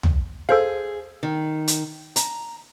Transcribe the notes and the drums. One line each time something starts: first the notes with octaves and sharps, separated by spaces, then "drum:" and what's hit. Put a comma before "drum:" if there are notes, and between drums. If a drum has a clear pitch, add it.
drum: tom
G#4 A4 C5 F5
D#3
drum: hi-hat
A#5, drum: hi-hat